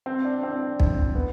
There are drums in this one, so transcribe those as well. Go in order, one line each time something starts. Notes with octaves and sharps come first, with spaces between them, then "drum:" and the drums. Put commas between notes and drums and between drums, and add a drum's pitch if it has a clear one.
C4
D4
C4
drum: kick
B3